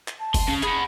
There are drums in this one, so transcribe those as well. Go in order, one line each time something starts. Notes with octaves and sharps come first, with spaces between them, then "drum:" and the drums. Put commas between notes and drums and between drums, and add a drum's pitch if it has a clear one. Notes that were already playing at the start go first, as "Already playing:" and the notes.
drum: clap
A5
C6, drum: kick F#1, open hi-hat
C#4 F5
G#4 F#5 B5, drum: clap